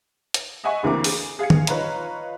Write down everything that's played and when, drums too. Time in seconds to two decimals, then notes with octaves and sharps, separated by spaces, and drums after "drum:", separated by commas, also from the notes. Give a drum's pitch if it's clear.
0.34 drum: hi-hat
0.64 D#5 E5 F#5 G#5 C#6
0.83 D2 D3 E3 A#3 C4 D6
1.04 G#4, drum: open hi-hat
1.39 G#4 F5 G#6 C#7
1.50 drum: tom
1.67 D#4 F4 B4 C#5 F5 A#5, drum: hi-hat